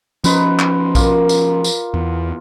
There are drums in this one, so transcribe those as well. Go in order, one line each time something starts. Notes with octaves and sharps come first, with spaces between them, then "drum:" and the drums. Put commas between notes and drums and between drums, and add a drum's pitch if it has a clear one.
F3 C#4 D#4 B4 C5, drum: tambourine
drum: clap
F4 A#4 D6, drum: kick A#1, tambourine
drum: tambourine
drum: tambourine
E2